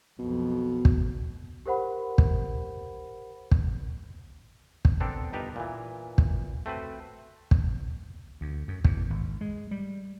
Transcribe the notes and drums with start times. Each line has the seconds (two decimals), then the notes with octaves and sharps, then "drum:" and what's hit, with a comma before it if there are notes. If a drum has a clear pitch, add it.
0.19 B1 F2 B2
0.85 drum: kick
1.66 G4 A#4 C5 F#5 B5
2.18 drum: kick
3.51 drum: kick
4.85 drum: kick
5.00 B3 C4 D4 A4 A#4
5.33 G1 D#4 G4 A#4 B4 A5
5.56 A#2 E3
6.18 drum: kick
6.66 A3 C4 F#4 B4
7.51 drum: kick
8.41 D2
8.68 F#2
8.84 E2, drum: kick
9.10 G#1
9.41 G#3
9.71 G3